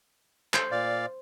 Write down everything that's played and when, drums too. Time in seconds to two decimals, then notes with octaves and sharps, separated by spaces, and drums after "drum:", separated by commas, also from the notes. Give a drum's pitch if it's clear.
0.54 C5, drum: clap
0.71 A#2 D5 F5